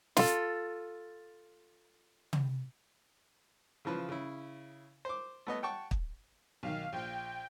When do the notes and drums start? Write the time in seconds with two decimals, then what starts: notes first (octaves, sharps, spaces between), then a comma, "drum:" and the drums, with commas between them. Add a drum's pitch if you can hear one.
0.17 F4 A4, drum: snare
2.33 drum: tom
3.85 C#3 E3 F3 B4
4.09 C#3 E4
5.05 C5 D6
5.47 A3 B3 D#5
5.63 F#5 G5 A5 C#6
5.91 drum: kick
6.63 B1 D#3 F5
6.93 A#1 G5